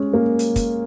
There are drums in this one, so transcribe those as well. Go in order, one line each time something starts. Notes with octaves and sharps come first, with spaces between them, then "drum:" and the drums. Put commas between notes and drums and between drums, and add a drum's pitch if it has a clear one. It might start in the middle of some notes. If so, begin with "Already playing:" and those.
Already playing: G#3 C#4
A#3
drum: hi-hat
drum: kick, hi-hat